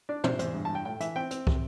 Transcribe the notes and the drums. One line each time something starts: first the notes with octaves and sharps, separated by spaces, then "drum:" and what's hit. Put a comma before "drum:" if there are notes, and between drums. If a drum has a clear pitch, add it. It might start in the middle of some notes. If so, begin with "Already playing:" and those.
D4 D5
C3 C5, drum: tom
E2 C5, drum: hi-hat
G2
G2 A5
G5
A2 G5
E3 E5, drum: hi-hat
C4 G5
C4, drum: hi-hat
C3, drum: kick